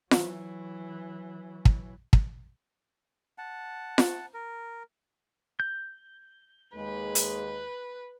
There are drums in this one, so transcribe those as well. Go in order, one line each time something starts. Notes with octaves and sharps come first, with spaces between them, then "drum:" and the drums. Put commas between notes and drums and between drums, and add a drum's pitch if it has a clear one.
E3 F#3, drum: snare F4
drum: kick
drum: kick
F#5 A5
drum: snare F4
A#4
G6
D#2 G#3 B4
drum: hi-hat